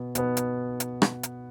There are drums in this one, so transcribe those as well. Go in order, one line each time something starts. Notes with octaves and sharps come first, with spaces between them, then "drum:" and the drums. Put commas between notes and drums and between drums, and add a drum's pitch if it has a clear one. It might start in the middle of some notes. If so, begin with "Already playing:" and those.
Already playing: B2 B3
B2 B3, drum: hi-hat
drum: hi-hat
drum: hi-hat
drum: rim click
drum: hi-hat